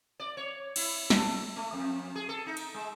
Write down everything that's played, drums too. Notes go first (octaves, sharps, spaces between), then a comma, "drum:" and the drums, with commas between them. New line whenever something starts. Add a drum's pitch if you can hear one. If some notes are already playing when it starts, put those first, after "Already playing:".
D5
C#5
E4, drum: cymbal
A4, drum: snare
A3
F2
G#4
A4
D#4
drum: cymbal
G#3